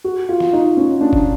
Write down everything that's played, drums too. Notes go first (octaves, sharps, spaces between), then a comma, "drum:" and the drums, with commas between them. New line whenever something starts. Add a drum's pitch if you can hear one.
F#4
F4
drum: snare
D#4
C#4
D4
drum: kick